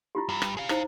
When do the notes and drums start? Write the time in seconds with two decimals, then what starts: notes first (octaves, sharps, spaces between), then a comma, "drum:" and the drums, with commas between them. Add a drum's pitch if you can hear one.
0.15 E4 F4 G4
0.29 G2 A#5
0.42 drum: rim click
0.57 G#4 F5
0.69 D#4 E4 C5, drum: rim click